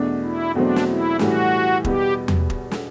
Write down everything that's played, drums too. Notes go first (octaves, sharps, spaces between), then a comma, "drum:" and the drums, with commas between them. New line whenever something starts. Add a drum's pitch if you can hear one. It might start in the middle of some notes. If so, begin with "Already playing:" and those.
Already playing: E2 B2 A3 D4
E4
E2 B2 F#3 A3 C4 D4
drum: snare
E4
A2 E3 G3 F#4, drum: snare
E2 B2 G3 B3 G4, drum: kick
drum: tom E2
drum: kick
drum: snare